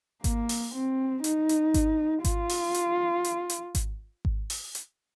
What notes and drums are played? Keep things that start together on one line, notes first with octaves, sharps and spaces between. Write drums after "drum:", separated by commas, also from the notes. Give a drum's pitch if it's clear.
A#3, drum: kick G#1, hi-hat
drum: open hi-hat
C4
D#4, drum: hi-hat
drum: hi-hat
drum: kick G#1, hi-hat
F4, drum: kick G#1, hi-hat
drum: open hi-hat
drum: hi-hat
drum: hi-hat
drum: hi-hat
drum: kick G#1, hi-hat
drum: kick G#1
drum: open hi-hat
drum: hi-hat